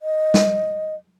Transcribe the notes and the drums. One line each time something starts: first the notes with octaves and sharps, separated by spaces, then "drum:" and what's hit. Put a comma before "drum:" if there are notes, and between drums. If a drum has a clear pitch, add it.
D#5
drum: snare